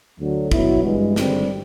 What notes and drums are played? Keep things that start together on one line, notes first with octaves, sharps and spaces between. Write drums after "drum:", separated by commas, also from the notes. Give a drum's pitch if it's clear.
D2 D3 F#3
B2 F#3 B3 E4, drum: kick
G2 E3 G#3
G#1 G2 D3 G3 C4, drum: snare